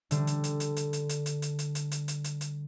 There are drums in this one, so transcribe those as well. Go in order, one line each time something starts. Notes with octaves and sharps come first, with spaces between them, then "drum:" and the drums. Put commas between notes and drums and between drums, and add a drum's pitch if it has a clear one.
D3 G3, drum: hi-hat
drum: hi-hat
drum: hi-hat
drum: hi-hat
drum: hi-hat
drum: hi-hat
drum: hi-hat
drum: hi-hat
drum: hi-hat
drum: hi-hat
drum: hi-hat
drum: hi-hat
drum: hi-hat
drum: hi-hat
drum: hi-hat